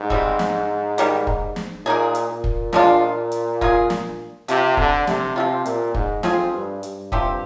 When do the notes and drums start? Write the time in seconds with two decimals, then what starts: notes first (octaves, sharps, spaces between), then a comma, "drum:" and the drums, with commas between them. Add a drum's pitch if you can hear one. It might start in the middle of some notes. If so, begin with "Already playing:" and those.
Already playing: G#2
0.10 C3 G3 C4, drum: kick
0.39 drum: snare
0.98 D#3 G3 A#3, drum: hi-hat
1.27 drum: kick
1.56 drum: snare
1.85 A#2 A#3 D#4 G#4
2.15 drum: hi-hat
2.29 A#2
2.44 drum: kick
2.73 F3 G#3 D4 F4, drum: snare
3.32 drum: hi-hat
3.61 A#3 F4 G#4, drum: kick
3.90 drum: snare
4.48 C3 F3 C4 G4, drum: hi-hat
4.77 D3, drum: kick
5.07 C3, drum: snare
5.36 C3 F3 C4 F4
5.65 A#2, drum: hi-hat
5.94 G#2, drum: kick
6.23 F2 F3 C4 F4 G#4, drum: snare
6.53 G2
6.83 G2, drum: hi-hat
7.12 C3 F3 C4 G4, drum: kick